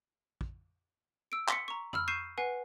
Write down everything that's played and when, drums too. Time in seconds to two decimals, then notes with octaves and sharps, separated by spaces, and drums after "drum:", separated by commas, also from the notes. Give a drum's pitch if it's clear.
0.41 drum: kick
1.32 E6 D7
1.48 C6 B6 C#7, drum: clap
1.68 A#5 C#6
1.93 B5 E6 F6, drum: tom
2.08 C#6 G6 C7 D#7 E7
2.38 B4 F#5 G#5 C7